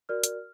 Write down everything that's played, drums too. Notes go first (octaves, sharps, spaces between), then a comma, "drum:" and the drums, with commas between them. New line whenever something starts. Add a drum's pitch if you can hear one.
F#4 A#4 D5 F6
drum: hi-hat